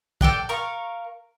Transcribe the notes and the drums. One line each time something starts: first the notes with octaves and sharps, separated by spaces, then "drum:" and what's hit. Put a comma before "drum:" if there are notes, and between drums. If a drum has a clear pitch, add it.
A4 D5 G5 F#6, drum: kick
A#4 F5 C#6